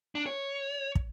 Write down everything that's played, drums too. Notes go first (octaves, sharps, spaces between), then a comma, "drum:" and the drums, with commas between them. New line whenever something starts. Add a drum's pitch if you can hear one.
D4
C#5
drum: kick